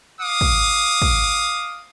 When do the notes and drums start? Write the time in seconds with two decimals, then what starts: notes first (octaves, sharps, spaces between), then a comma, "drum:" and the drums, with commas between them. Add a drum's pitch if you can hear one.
0.21 F5 D6 D#6
0.41 drum: kick
1.02 drum: kick